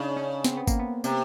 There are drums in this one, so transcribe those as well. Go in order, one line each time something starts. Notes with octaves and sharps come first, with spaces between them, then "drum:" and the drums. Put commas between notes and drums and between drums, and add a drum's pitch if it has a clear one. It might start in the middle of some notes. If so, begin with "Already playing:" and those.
Already playing: C#3 D4 D#4
C#4
C4, drum: snare
B3
A#3, drum: kick G#1, tambourine
B3
C3, drum: tambourine